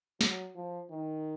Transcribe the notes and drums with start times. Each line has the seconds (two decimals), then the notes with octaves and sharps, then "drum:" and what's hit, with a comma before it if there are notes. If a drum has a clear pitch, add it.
0.21 F#3, drum: snare
0.55 F3
0.90 D#3